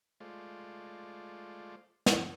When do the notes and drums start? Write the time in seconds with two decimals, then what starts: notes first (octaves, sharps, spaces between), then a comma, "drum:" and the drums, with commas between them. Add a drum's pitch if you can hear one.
0.20 G#3 A3 F4 C5 D5
2.06 drum: snare